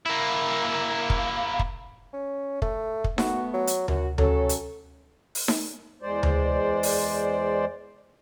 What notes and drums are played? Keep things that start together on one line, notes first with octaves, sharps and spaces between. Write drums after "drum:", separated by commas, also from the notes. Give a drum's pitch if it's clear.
A#3 E4
drum: kick
drum: kick
C#4
A3, drum: kick
drum: kick
A3 B3 F#4, drum: snare D#4
F#3
drum: hi-hat
F#2 F#4, drum: tom D2
F#3 C#4 A4, drum: tom D2
drum: hi-hat
drum: open hi-hat
drum: snare D#4
E2 G#3 C5 D5
drum: tom D2
drum: open hi-hat